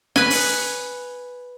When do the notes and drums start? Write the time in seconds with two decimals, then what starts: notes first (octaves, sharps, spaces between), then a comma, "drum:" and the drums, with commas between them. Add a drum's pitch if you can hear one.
0.16 B4 G#5, drum: snare
0.30 drum: open hi-hat